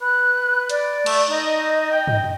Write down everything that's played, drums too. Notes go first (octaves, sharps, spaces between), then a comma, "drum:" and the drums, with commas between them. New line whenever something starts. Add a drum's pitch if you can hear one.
B4 F#6
D5, drum: hi-hat
A3, drum: cymbal
D#4 D#5
G5
drum: tom